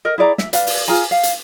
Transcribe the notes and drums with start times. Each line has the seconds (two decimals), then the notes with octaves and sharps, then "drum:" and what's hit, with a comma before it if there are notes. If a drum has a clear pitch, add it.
0.05 A#4 D#5
0.18 E4 G#4 D5 A#5
0.38 E5, drum: snare
0.53 B4 D5 F5, drum: hi-hat
0.67 drum: open hi-hat
0.88 F4 G#4 G#5 A#5
1.11 F5
1.23 drum: hi-hat